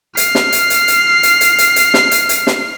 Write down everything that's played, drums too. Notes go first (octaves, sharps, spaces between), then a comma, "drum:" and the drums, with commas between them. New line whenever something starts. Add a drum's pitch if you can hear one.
F6 C7, drum: hi-hat
drum: snare
drum: hi-hat
drum: hi-hat
drum: hi-hat
drum: hi-hat
drum: hi-hat
drum: hi-hat
drum: hi-hat
drum: snare
drum: hi-hat
drum: hi-hat
drum: snare